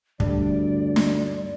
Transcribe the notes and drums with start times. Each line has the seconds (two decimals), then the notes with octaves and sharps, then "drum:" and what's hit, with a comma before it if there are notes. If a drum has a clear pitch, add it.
0.20 D2 G2 D5, drum: kick
0.96 drum: snare